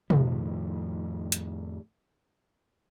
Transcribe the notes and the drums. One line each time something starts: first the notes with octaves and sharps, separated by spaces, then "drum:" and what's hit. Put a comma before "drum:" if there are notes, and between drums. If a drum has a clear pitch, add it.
F2 A2 D#3 F3, drum: tom
drum: hi-hat